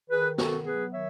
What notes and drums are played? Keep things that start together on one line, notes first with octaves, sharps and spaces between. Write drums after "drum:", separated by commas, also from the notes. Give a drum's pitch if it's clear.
D#3 G#4 B4
B3 F#4 A4, drum: snare
F#3 G#4 B4
D#3 C#5 E5